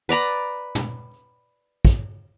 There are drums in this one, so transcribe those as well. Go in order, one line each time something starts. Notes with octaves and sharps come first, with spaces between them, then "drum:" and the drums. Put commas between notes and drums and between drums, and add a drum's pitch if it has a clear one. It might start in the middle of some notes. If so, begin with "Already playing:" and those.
B4 D5 A#5 B5
drum: tom
drum: kick